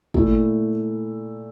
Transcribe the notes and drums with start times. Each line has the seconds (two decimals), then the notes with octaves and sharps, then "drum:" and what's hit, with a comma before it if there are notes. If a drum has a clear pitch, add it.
0.14 A#2 A3 E4, drum: kick